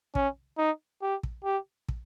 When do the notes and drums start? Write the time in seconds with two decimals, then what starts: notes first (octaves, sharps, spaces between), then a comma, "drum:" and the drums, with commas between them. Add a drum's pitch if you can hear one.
0.15 C#4, drum: kick
0.58 D#4
1.02 G4
1.23 drum: kick
1.45 G4
1.89 drum: kick